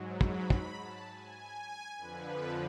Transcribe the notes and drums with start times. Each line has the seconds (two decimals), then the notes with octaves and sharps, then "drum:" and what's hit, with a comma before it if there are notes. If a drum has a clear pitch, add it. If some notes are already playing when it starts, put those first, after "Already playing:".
Already playing: G#2 F#3
0.21 B5, drum: kick
0.50 B5, drum: kick
0.79 A5
1.08 G#5
1.96 F2 D3 F3 B4